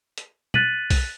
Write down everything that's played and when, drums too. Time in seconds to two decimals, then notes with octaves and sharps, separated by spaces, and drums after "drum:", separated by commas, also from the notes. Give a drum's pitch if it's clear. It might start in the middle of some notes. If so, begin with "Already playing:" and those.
0.18 drum: hi-hat
0.54 F#6 A6 B6 D#7 F#7, drum: tom
0.90 drum: kick B1, open hi-hat